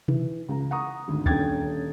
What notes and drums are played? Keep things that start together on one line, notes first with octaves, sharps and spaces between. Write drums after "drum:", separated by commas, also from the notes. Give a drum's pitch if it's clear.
E3, drum: tom B2
C#2 A#5
F#5 A#5 C#6 D#6
G#1 D2
D#1 D3 C#4 G5 G#6 A6, drum: kick